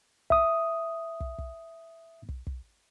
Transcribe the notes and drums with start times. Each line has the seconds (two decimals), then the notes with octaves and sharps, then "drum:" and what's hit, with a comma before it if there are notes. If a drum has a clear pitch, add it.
0.30 E5 D#6, drum: kick
1.20 drum: kick
1.38 drum: kick
2.29 drum: kick
2.47 drum: kick